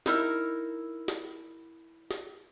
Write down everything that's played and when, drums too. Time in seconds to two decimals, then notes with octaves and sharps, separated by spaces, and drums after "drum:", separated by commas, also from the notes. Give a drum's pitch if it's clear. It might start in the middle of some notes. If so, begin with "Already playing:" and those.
0.06 D#4 E4 A#4, drum: snare
1.08 drum: snare
2.11 drum: snare